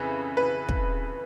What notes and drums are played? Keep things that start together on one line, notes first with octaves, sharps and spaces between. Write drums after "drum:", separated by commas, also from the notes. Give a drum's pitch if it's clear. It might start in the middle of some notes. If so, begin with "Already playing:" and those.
Already playing: F2 C#3 E3 B4
B4
drum: kick